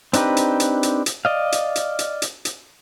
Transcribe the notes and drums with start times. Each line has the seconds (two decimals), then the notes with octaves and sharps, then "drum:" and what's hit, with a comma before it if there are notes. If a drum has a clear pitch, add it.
0.13 C4 D4 D#4 G4 B4, drum: hi-hat
0.37 drum: hi-hat
0.60 drum: hi-hat
0.83 drum: hi-hat
1.06 drum: hi-hat
1.25 D5 D#5 F5
1.52 drum: hi-hat
1.76 drum: hi-hat
1.99 drum: hi-hat
2.22 drum: hi-hat
2.45 drum: hi-hat